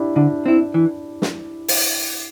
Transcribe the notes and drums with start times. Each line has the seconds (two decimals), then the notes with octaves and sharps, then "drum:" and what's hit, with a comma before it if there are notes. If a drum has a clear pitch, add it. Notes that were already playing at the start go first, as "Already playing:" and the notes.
Already playing: D4 E4 G4
0.16 D3 D4
0.46 C4 E4
0.74 E3
1.22 drum: snare
1.68 drum: open hi-hat